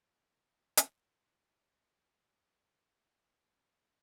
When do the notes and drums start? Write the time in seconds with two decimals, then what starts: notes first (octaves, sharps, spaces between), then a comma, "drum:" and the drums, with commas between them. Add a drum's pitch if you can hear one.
0.77 drum: hi-hat
1.02 B5
1.59 D2 G#2 A4
3.14 F4
3.35 E4
3.48 D#4
3.62 B4
3.80 G#4